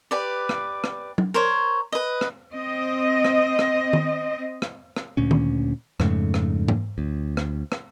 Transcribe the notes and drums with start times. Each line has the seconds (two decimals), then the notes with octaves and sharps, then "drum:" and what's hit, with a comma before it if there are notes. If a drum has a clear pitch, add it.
0.11 G4 B4 D5
0.49 drum: rim click
0.84 drum: rim click
1.18 drum: tom
1.34 A#4 C5 C#5
1.92 B4 D#5
2.21 drum: rim click
2.52 C4 D#5
3.24 drum: rim click
3.59 drum: rim click
3.93 drum: tom D#3
4.62 drum: rim click
4.96 drum: rim click
5.17 D2 A#2 C#4
5.31 drum: tom D#3
6.00 F2 G#2 C#3 A3, drum: rim click
6.34 drum: rim click
6.68 drum: tom G#2
6.98 D2
7.37 drum: rim click
7.72 drum: rim click